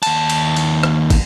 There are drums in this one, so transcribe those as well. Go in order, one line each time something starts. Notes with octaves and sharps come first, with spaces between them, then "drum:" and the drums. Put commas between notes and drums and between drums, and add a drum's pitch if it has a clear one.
D#2 A5, drum: cymbal
drum: cymbal
drum: cymbal
drum: rim click
drum: kick, cymbal